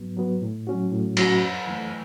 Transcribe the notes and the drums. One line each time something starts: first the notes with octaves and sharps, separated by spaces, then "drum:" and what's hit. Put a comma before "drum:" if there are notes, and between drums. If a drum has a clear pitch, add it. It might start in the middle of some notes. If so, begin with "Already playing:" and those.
Already playing: G#2 F#3 B3
F#3 B3
A2
F#3 C#4 F#4
A2
F#3 C#4 F#4, drum: cymbal
F#2
E3 A3